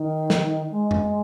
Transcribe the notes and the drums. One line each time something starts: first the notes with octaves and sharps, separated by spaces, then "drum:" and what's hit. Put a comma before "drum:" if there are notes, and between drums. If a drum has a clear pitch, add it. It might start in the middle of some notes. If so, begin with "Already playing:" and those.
Already playing: D#3
drum: snare
G#3
drum: tom F#2